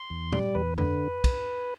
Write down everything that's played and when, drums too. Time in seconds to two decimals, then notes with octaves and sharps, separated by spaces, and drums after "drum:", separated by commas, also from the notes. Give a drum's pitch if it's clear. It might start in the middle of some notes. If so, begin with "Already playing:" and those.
Already playing: C6
0.10 E2
0.32 G3 D5, drum: tom A#2
0.55 E2 B4
0.78 D3 B4, drum: tom F2
1.24 drum: kick, cymbal